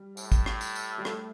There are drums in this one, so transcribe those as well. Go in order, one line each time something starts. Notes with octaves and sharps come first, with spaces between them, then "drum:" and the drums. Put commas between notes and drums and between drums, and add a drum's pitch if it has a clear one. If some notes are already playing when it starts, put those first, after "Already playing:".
Already playing: G3
A2, drum: tambourine
drum: kick, tambourine
drum: rim click
drum: tambourine
drum: tambourine
G3
A3, drum: rim click